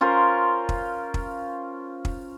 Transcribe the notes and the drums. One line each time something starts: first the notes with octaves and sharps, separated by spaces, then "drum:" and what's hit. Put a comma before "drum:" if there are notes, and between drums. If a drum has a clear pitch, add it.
C#4 F4 A#4 C5
drum: kick
drum: kick
drum: kick